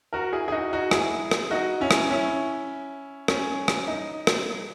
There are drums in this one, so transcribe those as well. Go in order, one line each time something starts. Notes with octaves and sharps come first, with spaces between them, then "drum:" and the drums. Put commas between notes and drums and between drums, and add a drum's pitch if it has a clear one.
F#4 A#4
E4 G#4
G#4
D#4 F#4
D#4 F#4
E4 G#4, drum: rim click
drum: rim click
D#4 F#4
C#4 E4
drum: rim click
C#4 E4
C#4, drum: rim click
drum: rim click
D#4
drum: rim click